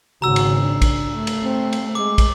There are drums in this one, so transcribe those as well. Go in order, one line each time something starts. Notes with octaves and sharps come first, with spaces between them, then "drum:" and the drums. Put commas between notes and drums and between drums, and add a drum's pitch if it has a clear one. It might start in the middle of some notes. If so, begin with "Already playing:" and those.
G#1 C#3 F#4 A#5 E6
drum: cymbal
D4
drum: kick, cymbal
A3
drum: cymbal
C4
drum: cymbal
G#3 D6
drum: kick, cymbal